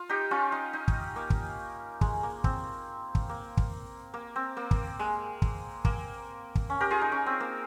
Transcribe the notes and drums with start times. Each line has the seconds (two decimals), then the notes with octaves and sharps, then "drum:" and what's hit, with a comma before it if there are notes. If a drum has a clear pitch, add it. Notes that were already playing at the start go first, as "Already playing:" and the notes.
Already playing: F4
0.09 D#4 G4
0.31 C#4 F4
0.52 D#4
0.73 D#4
0.88 drum: kick
1.16 A#3
1.30 drum: kick
2.01 G#3, drum: kick
2.23 A#3
2.44 C4, drum: kick
3.15 drum: kick
3.29 A#3
3.57 drum: kick
4.14 A#3
4.36 C4
4.57 A#3
4.71 drum: kick
4.99 G#3
5.42 drum: kick
5.85 A#3, drum: kick
6.55 drum: kick
6.70 C#4
6.80 G4 A#4
6.91 F4 G#4
7.01 D#4
7.12 C#4
7.26 C4
7.40 A#3